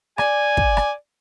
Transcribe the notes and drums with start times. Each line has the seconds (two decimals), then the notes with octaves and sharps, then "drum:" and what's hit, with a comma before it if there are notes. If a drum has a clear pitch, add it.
0.18 D5 G#5, drum: rim click
0.57 drum: kick
0.77 drum: rim click